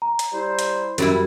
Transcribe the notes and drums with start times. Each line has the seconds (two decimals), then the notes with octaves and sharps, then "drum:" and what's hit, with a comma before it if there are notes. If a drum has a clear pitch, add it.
0.02 A#5
0.19 drum: hi-hat
0.32 G3 E4 C5
0.59 drum: hi-hat
0.98 F#2 G3 E4, drum: hi-hat